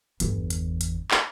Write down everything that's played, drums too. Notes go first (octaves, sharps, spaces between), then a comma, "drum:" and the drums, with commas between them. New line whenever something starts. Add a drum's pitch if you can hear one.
G1 E2, drum: hi-hat
drum: hi-hat
drum: hi-hat
drum: clap